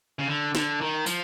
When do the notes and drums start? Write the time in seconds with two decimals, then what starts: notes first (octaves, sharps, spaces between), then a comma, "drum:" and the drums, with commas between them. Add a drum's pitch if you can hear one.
0.19 C#3
0.28 D3
0.55 D3, drum: snare
0.81 D#3
1.06 F3, drum: tambourine